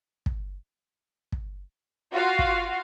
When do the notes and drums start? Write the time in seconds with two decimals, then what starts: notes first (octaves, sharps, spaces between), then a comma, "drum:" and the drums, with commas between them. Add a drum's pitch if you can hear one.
0.26 drum: kick
1.32 drum: kick
2.12 F4 F#4 F5
2.39 drum: kick